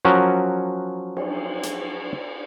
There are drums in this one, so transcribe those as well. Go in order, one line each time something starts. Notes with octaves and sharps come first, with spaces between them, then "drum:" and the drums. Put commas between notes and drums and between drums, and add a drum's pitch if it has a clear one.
F3 F#3 C#4 F#4 A#4
drum: cymbal
drum: hi-hat